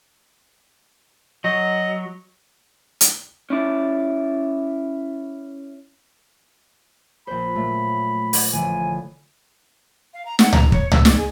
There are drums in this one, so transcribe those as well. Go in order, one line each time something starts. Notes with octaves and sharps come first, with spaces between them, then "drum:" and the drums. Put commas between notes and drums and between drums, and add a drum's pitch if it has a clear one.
F#3 D#5
drum: hi-hat
C#4 E4 D5
A#1 C5 B5
A#2 F#3 A3
drum: open hi-hat
A1 D3 F3 G#5
F5
A#5
F#5, drum: snare
A#5, drum: tom C#2
C#5, drum: kick
E6, drum: tom C#2
D5, drum: snare
G#4